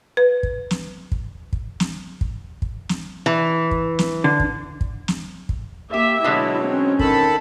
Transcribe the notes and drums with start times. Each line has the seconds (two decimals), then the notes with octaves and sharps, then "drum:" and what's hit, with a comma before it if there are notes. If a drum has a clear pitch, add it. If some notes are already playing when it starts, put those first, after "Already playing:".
0.17 B4
0.43 drum: kick
0.71 drum: snare
1.12 drum: kick
1.53 drum: kick
1.80 drum: snare
2.21 drum: kick
2.62 drum: kick
2.89 drum: snare
3.26 E3
3.71 drum: kick
3.99 drum: snare
4.24 D3
4.40 drum: kick
4.81 drum: kick
5.08 drum: snare
5.49 drum: kick
5.94 A#3 G4 E5
6.24 B2 D3 F#3 G#3 E4
6.65 C4 C#4
6.99 D#3 A4 B5, drum: kick